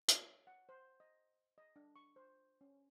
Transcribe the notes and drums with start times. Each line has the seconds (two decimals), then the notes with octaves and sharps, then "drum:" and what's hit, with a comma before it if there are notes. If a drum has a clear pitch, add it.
0.08 C#5, drum: hi-hat
0.47 F#5
0.69 C5
1.00 D#5
1.58 D#5
1.76 D4
1.96 C#6
2.16 C5
2.61 C#4